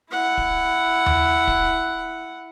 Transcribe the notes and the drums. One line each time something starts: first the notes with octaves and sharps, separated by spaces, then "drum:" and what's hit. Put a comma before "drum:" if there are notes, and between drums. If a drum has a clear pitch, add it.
E4 F#5
drum: kick
drum: tom D#2
drum: kick